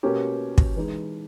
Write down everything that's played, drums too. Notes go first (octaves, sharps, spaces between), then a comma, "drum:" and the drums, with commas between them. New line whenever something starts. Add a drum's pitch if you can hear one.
B2 A#3 C#4 G4
drum: kick
E3 G#3 D#4